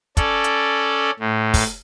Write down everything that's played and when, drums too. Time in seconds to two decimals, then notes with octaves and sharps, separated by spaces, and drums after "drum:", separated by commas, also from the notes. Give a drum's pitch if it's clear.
0.17 C#4 A4 D5, drum: kick, hi-hat
0.44 drum: hi-hat
1.20 A2
1.54 drum: kick, open hi-hat